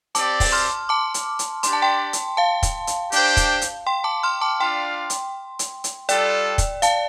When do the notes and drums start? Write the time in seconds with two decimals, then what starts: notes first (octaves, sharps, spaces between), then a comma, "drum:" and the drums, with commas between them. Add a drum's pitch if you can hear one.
0.15 C4 G4 D5 A5 D6, drum: hi-hat
0.40 drum: kick, open hi-hat
0.52 C6 F6
0.89 A5 D6
1.14 drum: hi-hat
1.39 drum: hi-hat
1.63 D4 G4 D5 C6, drum: hi-hat
1.73 A5
1.82 G5 C6
2.13 drum: hi-hat
2.37 F5 A5
2.63 drum: kick, hi-hat
2.87 drum: hi-hat
3.12 D4 G4 C5 G5, drum: hi-hat
3.37 drum: kick, hi-hat
3.61 drum: hi-hat
3.87 G5 C6
4.04 A5 D6
4.23 C6 F6
4.41 A5 D6
4.60 D4 F4 D5 F5 G5 C6
5.10 drum: hi-hat
5.59 drum: hi-hat
5.84 drum: hi-hat
6.09 G3 F4 A4 D5 G5, drum: hi-hat
6.58 drum: kick, hi-hat
6.82 F5 A5, drum: hi-hat